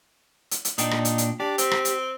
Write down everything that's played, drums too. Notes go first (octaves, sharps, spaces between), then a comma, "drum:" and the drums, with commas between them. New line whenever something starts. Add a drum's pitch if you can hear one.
drum: hi-hat
drum: hi-hat
A#2 D4 D#4 G5, drum: hi-hat
drum: rim click
drum: hi-hat
drum: hi-hat
D4 G4
C4, drum: hi-hat
drum: rim click
drum: hi-hat